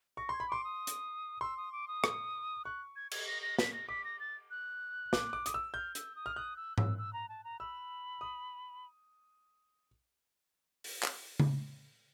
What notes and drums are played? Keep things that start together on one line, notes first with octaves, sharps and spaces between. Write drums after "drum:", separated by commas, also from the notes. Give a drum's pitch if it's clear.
C#6 A#6
C6 G#6
B5
C6 D6
D#6
drum: hi-hat
C6 E6
D#6
D6
D#6
drum: rim click
C#6 F#6
G#6
G#6, drum: cymbal
A#6
A#6
B6, drum: snare
A#6
D6 B6
A#6
A6
F#6
D6, drum: snare
D6
D#6, drum: hi-hat
E6
F6 G6
E6, drum: hi-hat
D#6
F6
D#6 F#6
E6
E6, drum: tom G#2
E6
A#5
A5
A#5
B5 E6
D#6
drum: open hi-hat
drum: clap
drum: tom C#3